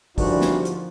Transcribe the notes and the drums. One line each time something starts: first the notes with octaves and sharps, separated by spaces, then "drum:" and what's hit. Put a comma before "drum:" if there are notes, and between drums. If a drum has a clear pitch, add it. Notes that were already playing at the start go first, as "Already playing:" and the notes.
D3 E3 F3 G3 D4 D#4 F#4 A#4, drum: kick, open hi-hat
drum: snare
drum: hi-hat